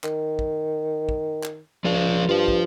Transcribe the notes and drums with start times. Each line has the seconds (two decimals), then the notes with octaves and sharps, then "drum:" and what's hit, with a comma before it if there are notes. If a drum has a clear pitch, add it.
0.04 D#3, drum: clap
0.39 drum: kick
1.09 drum: kick
1.44 drum: clap
1.85 C#2 F3 D5 F5
2.29 G2 F4 C5
2.48 drum: kick